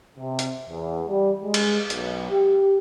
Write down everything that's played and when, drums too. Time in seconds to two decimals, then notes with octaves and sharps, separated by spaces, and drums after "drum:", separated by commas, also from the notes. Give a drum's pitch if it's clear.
0.19 C3
0.39 drum: hi-hat
0.70 E2
1.09 G3
1.44 G#3
1.54 drum: cymbal
1.90 B1, drum: hi-hat
2.31 G4